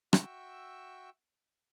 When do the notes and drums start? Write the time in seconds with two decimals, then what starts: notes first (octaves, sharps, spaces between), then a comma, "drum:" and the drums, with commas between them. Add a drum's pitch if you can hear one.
0.13 F#4 E5 G5 C#6 E6, drum: rim click